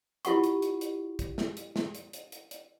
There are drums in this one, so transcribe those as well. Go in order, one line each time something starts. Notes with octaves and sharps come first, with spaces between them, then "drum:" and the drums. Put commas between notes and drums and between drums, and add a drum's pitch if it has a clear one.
E4 F4 G4 F#5 C#6, drum: hi-hat
drum: hi-hat
drum: hi-hat
drum: hi-hat
drum: kick, hi-hat
drum: snare
drum: hi-hat
drum: snare
drum: hi-hat
drum: hi-hat
drum: hi-hat
drum: hi-hat